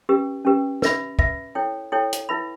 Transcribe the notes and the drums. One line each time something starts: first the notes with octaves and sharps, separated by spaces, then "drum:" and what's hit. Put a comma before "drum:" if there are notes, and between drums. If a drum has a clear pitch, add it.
C#4 G4 B4
C#4 G4 B4
B4 E5 B5, drum: snare
B4 E5 B5, drum: kick
E4 A4 C#5 G5
E4 A4 C#5 G5
drum: hi-hat
E4 B4 E5 B5